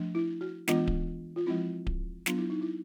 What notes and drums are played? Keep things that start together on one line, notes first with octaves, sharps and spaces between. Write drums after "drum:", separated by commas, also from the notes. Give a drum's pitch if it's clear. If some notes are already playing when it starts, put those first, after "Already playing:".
Already playing: F3 A3 D4
E4
F#4
E3 G#3 B3 D4 F4, drum: snare
drum: kick D1
F4
F3 G#3 C4 E4
drum: kick D1
F#3 B3 D4 F4, drum: snare
E4
D#4
E4